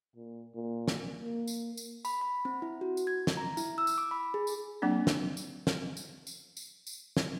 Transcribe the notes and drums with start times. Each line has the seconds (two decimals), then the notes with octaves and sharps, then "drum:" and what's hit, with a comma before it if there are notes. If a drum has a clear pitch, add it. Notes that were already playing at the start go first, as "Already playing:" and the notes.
0.16 A#2
0.55 A#2
0.88 drum: snare
1.20 A#3
1.47 drum: tambourine
1.77 drum: tambourine
2.05 B5, drum: tambourine
2.21 B5
2.45 C4
2.62 E4
2.81 F#4
2.97 drum: tambourine
3.07 G#6
3.27 drum: snare
3.37 A#5
3.57 E4, drum: tambourine
3.78 E6
3.87 drum: tambourine
3.98 D6
4.11 B5
4.34 G#4
4.47 drum: tambourine
4.82 F#3 A#3 C4 D4
5.07 drum: snare
5.37 drum: tambourine
5.67 drum: snare
5.97 drum: tambourine
6.27 drum: tambourine
6.57 drum: tambourine
6.87 drum: tambourine
7.17 drum: snare